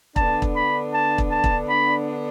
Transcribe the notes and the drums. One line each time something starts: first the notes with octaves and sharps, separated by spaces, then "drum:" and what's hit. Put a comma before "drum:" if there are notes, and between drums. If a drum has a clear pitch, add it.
D3 B3 D4 A5, drum: kick
drum: kick
B5
A5
drum: kick
A5
drum: kick
B5